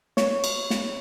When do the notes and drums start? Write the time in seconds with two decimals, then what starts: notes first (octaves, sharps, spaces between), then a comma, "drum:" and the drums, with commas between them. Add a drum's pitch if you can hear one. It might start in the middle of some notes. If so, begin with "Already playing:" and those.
0.17 C#5, drum: snare
0.44 drum: cymbal
0.70 drum: snare